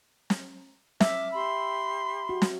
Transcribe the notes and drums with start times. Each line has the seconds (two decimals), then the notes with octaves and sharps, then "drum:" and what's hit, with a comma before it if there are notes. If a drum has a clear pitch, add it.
0.30 drum: snare
1.01 E5 D6 F6, drum: snare
1.33 G4 B5 C6
2.29 F#4
2.42 drum: snare